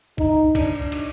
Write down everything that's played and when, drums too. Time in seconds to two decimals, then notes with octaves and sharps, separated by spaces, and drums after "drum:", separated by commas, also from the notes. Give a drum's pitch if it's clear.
0.18 D#4, drum: kick
0.55 D4, drum: kick, cymbal
0.92 drum: cymbal